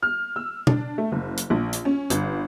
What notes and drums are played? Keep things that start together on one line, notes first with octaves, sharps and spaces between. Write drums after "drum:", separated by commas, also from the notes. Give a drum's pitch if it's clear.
F6
E6
D4, drum: tom
A3
F#1
drum: hi-hat
A#1
drum: hi-hat
C#4
G1, drum: hi-hat